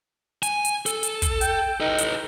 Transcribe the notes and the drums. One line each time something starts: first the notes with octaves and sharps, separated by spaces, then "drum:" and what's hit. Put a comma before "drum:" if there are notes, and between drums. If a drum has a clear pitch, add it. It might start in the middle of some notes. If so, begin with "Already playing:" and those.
G#5, drum: hi-hat
drum: hi-hat
A4, drum: hi-hat
drum: hi-hat
drum: kick, hi-hat
G5, drum: hi-hat
D#4 A4 B4
drum: hi-hat